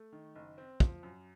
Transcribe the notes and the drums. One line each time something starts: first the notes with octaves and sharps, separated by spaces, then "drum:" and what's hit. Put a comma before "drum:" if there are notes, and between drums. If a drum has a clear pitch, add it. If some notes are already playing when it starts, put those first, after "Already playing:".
Already playing: A3
D#3
F#1
C4
F3, drum: kick
F#2